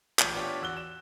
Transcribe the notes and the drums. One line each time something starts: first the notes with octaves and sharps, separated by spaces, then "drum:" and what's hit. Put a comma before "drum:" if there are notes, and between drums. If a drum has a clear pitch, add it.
A1 A#2 D6 G6 F#7, drum: clap
B3 D4 F4 G4 B4 C#5
E2 F#4 E6 F#6 G7
E7